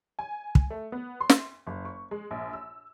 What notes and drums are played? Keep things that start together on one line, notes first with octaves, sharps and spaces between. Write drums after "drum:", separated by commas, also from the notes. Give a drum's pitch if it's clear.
G#5
drum: kick
A3
B3
C6
drum: snare
F#1
C#6
G#3
A#1
E6